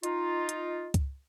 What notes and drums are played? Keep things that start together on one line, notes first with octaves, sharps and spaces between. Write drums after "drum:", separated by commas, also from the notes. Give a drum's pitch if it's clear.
D#4 F4, drum: hi-hat
drum: hi-hat
drum: kick C#2, hi-hat